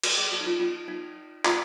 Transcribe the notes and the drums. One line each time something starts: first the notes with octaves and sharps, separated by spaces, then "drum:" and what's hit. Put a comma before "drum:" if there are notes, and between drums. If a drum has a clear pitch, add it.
F#4, drum: cymbal
G#4
F#4
D#4
F4
F4
D#4
F4, drum: clap